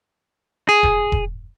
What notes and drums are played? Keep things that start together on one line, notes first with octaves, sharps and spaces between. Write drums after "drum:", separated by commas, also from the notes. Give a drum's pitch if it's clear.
G#4
drum: kick E1
drum: kick E1